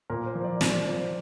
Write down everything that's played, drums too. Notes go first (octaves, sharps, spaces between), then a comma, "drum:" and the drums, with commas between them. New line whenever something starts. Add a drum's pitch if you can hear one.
A#2 A#4
C5
F3
D5
A#2 D5, drum: snare
F3 C5